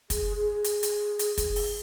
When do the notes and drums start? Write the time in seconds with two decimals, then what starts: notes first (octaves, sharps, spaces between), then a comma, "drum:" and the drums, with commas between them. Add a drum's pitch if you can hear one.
0.10 G#4, drum: kick, hi-hat
0.37 G#4
0.64 drum: hi-hat
0.83 drum: hi-hat
1.19 drum: hi-hat
1.38 drum: kick, hi-hat
1.56 drum: open hi-hat